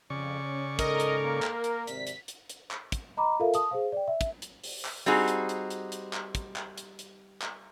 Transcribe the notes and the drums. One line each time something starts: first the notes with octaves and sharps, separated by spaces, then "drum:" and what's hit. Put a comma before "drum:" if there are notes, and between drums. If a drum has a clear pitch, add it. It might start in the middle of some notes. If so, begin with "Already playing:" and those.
F2 C#3 D5 C#6
C#4
G#2 D#4 A4 A#4 D#5, drum: kick, hi-hat
drum: hi-hat
A#3
drum: clap
drum: hi-hat
G#1 C3 D5 B6, drum: hi-hat
drum: hi-hat
drum: hi-hat
drum: hi-hat
drum: clap
drum: kick, hi-hat
D#5 A#5 B5 D6
F4 A4 A#4 E5 F5
A5 D#6, drum: hi-hat
G#4 C5 F5
D5 G5
E5
drum: kick, hi-hat
drum: hi-hat
drum: open hi-hat
drum: clap
G3 C4 D#4 F#4 G#4
drum: hi-hat
drum: hi-hat
drum: hi-hat
drum: hi-hat
drum: clap
drum: kick, hi-hat
drum: clap
drum: hi-hat
drum: hi-hat
drum: clap